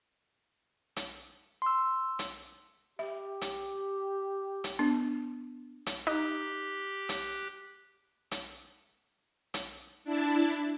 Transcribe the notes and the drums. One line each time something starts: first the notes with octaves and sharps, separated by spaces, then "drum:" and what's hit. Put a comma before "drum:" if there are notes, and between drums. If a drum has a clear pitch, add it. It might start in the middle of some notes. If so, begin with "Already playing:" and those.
drum: hi-hat
C6 E6
drum: hi-hat
G4 E5
drum: hi-hat
drum: hi-hat
B3 D4
drum: hi-hat
D#4 G4 F#6
drum: hi-hat
drum: hi-hat
drum: hi-hat
D4 E4 A5